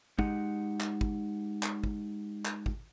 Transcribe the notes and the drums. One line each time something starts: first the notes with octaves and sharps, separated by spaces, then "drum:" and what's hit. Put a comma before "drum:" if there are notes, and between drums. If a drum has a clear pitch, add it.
G#3 D#4 G4 F#5, drum: kick
drum: clap
drum: kick
drum: clap
drum: kick
drum: clap
drum: kick